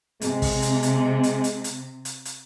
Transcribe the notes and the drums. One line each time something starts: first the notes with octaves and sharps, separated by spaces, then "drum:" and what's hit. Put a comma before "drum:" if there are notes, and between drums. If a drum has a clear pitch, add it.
C3 G#3, drum: hi-hat
drum: kick, open hi-hat
drum: hi-hat
drum: hi-hat
drum: hi-hat
drum: hi-hat
drum: hi-hat
drum: hi-hat
drum: hi-hat